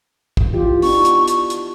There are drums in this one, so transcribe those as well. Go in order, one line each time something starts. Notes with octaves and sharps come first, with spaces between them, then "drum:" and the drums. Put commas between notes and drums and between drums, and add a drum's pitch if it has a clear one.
drum: kick
E3 F4 G4
B3 D4 D#4 C#6, drum: open hi-hat
drum: hi-hat
drum: hi-hat
drum: hi-hat